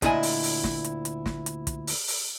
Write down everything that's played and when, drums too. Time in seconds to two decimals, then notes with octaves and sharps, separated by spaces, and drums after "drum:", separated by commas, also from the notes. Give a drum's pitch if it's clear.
0.02 D2 A#2 D4 E4 D#5 G#5, drum: kick, hi-hat
0.23 drum: open hi-hat
0.43 drum: open hi-hat
0.64 drum: snare
0.84 drum: hi-hat
1.05 drum: hi-hat
1.26 drum: snare
1.46 drum: hi-hat
1.67 drum: kick, hi-hat
1.87 drum: open hi-hat
2.08 drum: open hi-hat